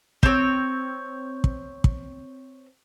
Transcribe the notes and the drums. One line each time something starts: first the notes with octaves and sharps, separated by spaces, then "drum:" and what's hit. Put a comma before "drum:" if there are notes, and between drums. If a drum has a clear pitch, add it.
C4 C#5, drum: kick
drum: kick
drum: kick